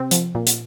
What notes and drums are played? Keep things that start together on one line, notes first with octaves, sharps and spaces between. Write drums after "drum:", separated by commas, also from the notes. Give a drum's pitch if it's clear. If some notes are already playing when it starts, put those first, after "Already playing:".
Already playing: C3 C4
F3, drum: hi-hat
A#2
drum: hi-hat